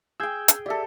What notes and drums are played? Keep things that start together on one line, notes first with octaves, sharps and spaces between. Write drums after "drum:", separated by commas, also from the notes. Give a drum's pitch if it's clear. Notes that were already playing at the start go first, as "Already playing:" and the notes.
G#4 G5 E6 G6 G#6
drum: hi-hat
G4 A4 D5 E5